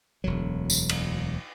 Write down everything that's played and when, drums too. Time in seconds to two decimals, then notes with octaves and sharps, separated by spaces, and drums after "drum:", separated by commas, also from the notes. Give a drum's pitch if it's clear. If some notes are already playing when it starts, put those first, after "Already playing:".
0.24 E1 D2 F#3
0.70 drum: tambourine
0.89 drum: cymbal